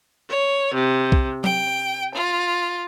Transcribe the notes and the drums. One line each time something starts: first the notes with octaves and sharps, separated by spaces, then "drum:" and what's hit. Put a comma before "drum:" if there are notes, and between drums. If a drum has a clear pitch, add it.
C#5
C3
drum: kick
G5, drum: tom F#3
F4